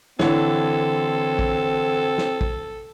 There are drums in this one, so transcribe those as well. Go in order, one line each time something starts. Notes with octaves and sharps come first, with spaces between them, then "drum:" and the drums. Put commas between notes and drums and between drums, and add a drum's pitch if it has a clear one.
D3 E3 C4 A4 C#5, drum: snare
drum: kick
drum: snare
drum: kick